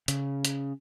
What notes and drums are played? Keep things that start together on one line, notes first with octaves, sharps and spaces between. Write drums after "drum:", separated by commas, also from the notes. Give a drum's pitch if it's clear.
C#3, drum: hi-hat
drum: hi-hat